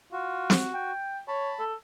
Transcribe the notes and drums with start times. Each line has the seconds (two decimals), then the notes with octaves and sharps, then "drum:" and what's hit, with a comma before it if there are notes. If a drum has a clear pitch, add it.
0.12 F4 F#4
0.50 drum: snare
0.74 G5
1.28 C#5 A5 B5
1.59 A4